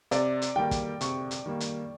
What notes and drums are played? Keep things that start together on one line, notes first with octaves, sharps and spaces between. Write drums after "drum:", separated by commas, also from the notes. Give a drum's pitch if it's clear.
C3 D5, drum: hi-hat
drum: hi-hat
D#3 G3 A#3 G5
drum: kick, hi-hat
C3 C#6, drum: hi-hat
drum: hi-hat
D#3 G3 A#3
drum: hi-hat